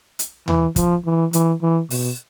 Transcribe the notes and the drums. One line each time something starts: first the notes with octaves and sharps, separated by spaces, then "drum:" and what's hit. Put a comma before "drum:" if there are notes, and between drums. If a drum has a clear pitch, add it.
drum: hi-hat
E3, drum: tom D#2
F3, drum: kick, hi-hat
E3
E3, drum: hi-hat
E3
B2, drum: open hi-hat